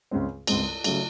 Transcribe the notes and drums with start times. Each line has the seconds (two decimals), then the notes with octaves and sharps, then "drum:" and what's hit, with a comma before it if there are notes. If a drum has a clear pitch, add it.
0.11 C#2 C#3 G#3 C4
0.47 C#2 C#3 G#3 C4, drum: cymbal
0.84 C#3 F#3 A3, drum: cymbal